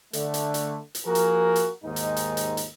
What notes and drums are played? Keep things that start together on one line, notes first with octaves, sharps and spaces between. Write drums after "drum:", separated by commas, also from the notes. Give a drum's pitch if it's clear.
D3 A3, drum: hi-hat
drum: hi-hat
drum: hi-hat
drum: hi-hat
F3 A#3 F#4 G#4 A#4
drum: hi-hat
drum: hi-hat
D#2 G#2 D#4
drum: hi-hat
drum: hi-hat
drum: hi-hat
drum: hi-hat